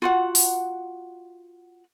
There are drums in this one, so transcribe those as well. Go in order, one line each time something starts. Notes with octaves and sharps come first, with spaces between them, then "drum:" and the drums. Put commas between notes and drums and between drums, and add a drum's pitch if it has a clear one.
F4 F#4 F#5
drum: open hi-hat